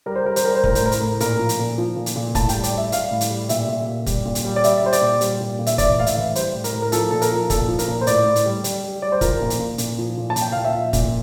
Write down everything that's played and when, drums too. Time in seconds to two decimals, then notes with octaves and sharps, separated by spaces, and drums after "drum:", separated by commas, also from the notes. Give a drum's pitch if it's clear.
0.06 G3 A#4
0.15 C5
0.25 G3 A#4
0.36 C5, drum: hi-hat
0.44 G3 A#4
0.55 C5
0.64 A2 A#4, drum: kick
0.75 C5, drum: hi-hat
0.82 A2 A#4
0.92 drum: hi-hat
1.01 A2
1.20 A#2 A#4, drum: hi-hat
1.39 F3
1.49 drum: hi-hat
1.59 A#2
1.78 F3
1.96 A#2
2.06 drum: hi-hat
2.16 A#2
2.35 A2 A5, drum: kick, hi-hat
2.49 G5, drum: hi-hat
2.54 G3
2.64 D5, drum: hi-hat
2.73 G3 E5
2.92 G3 F5, drum: hi-hat
3.11 A2
3.21 drum: hi-hat
3.30 G3
3.49 A#2 E5, drum: hi-hat
3.68 A#2
3.88 A#2
4.06 G3, drum: kick, hi-hat
4.25 A#2
4.35 drum: hi-hat
4.44 G3
4.56 D5
4.64 G3 E5, drum: hi-hat
4.83 G3 C5
4.93 D5, drum: hi-hat
5.01 A#2
5.21 G3, drum: hi-hat
5.41 A#2
5.59 A#2
5.66 E5, drum: hi-hat
5.78 E3 D5, drum: kick, hi-hat
5.97 A2 F5
6.07 E5, drum: hi-hat
6.17 E3
6.35 G3 C5, drum: hi-hat
6.55 A2
6.64 A#4, drum: hi-hat
6.74 A2
6.82 A#4
6.92 F3 A4, drum: hi-hat
7.11 A#2 A4
7.22 A#4, drum: hi-hat
7.31 F3
7.50 A#2 A4, drum: kick, hi-hat
7.68 F3
7.79 A#4, drum: hi-hat
7.88 A#2
8.01 C5
8.07 A2 D5, drum: hi-hat
8.26 A2
8.36 drum: hi-hat
8.45 G3
8.64 G3, drum: hi-hat
8.84 G3
9.02 G3 D5
9.12 C5
9.21 F3 A#4, drum: kick, hi-hat
9.41 A#2
9.50 drum: hi-hat
9.60 A#2
9.78 A#2, drum: hi-hat
9.98 F3
10.17 A#2
10.30 A5
10.36 A#2, drum: hi-hat
10.41 G5
10.52 A#2 F5
10.64 E5
10.74 F3
10.93 A#2, drum: kick, hi-hat